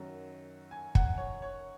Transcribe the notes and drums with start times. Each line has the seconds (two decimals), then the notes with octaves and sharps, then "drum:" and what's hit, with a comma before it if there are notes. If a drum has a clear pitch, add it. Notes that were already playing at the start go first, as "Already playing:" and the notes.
Already playing: F#2 D#3 F#3
0.71 G#5
0.95 F#5, drum: kick
1.18 C#5
1.42 C#5